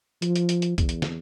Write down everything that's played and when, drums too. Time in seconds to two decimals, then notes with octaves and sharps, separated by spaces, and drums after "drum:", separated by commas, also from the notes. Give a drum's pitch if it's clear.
0.22 F3, drum: hi-hat
0.36 drum: hi-hat
0.49 drum: hi-hat
0.62 drum: hi-hat
0.78 E2, drum: kick, hi-hat
0.89 drum: hi-hat
1.02 drum: snare